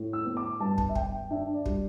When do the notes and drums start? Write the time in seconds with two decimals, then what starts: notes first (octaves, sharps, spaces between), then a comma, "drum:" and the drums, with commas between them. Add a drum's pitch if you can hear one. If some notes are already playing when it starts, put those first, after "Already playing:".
Already playing: A2
0.13 E6
0.25 B3
0.37 D6
0.60 G2 A5
0.78 drum: kick
0.89 E5
0.95 G2 G5, drum: kick
1.31 D4 E5
1.54 D5
1.66 G3, drum: kick